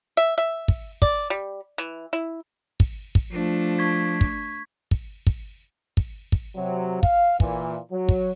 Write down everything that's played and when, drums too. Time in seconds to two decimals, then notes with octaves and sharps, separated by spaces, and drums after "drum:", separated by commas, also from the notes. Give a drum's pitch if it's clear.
0.17 E5
0.38 E5
0.68 drum: kick
1.02 D5, drum: kick
1.30 G3
1.78 E3
2.13 E4
2.80 drum: kick
3.15 drum: kick
3.32 F3 A3 D4
3.78 C#6 G#6 B6
4.21 drum: kick
4.91 drum: kick
5.27 drum: kick
5.97 drum: kick
6.32 drum: kick
6.56 C3 F#3
7.03 F5, drum: kick
7.40 A#2 E3, drum: kick
7.92 F#3
8.09 drum: kick